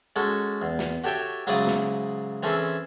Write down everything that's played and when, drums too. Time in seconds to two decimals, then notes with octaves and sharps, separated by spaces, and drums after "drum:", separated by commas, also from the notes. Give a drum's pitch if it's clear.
0.16 G#3 C#4 F#4 A4, drum: hi-hat
0.62 E2
0.79 drum: snare
1.04 F#4 G4 A4 C#5 E5 G5
1.47 G#2 C#3 F#3 E4 D5 D#6, drum: tambourine
1.67 drum: snare
2.43 E3 C4 C#4 G#4 A4 E5